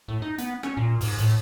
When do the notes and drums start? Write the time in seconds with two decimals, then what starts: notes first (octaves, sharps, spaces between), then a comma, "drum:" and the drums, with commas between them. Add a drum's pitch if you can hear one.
0.08 A2
0.22 D#4
0.38 B3, drum: hi-hat
0.63 C#4, drum: rim click
0.77 A#2
1.01 G#2, drum: open hi-hat
1.18 A2, drum: hi-hat